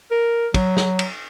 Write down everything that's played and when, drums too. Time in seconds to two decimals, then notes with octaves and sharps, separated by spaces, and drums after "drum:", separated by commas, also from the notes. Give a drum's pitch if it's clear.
0.11 A#4
0.54 F#3, drum: kick, cymbal
0.77 drum: snare
0.99 drum: cymbal